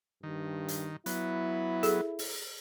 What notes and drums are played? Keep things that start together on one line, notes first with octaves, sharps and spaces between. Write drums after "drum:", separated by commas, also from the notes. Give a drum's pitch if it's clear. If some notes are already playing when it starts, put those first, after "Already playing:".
G2 D#3
drum: hi-hat
F#3 B3 E4, drum: hi-hat
G#4 A4, drum: hi-hat
drum: open hi-hat